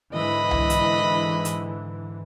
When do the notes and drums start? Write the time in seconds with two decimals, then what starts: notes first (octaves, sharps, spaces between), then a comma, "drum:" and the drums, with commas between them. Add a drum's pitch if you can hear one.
0.13 G#2 D3 E3 D#5 B5
0.51 drum: tom C2
0.70 drum: hi-hat
1.45 drum: hi-hat